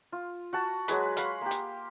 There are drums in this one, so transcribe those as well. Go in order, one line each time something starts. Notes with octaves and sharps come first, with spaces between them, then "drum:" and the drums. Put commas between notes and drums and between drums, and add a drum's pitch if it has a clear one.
F4
F#4 F#5 A5
F#3 G#3 G#4 B4, drum: hi-hat
F5 F#5 B5 C6, drum: hi-hat
A#3 G4
drum: hi-hat